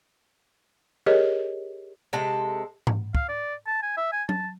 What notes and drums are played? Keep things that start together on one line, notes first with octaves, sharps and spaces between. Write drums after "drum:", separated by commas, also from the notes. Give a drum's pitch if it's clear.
G4 G#4 A#4 C#5 D#5
C3 G#3 A4
drum: tom G#2
F5, drum: kick
D5
A5
G#5
E5
G#5
A5, drum: tom F#3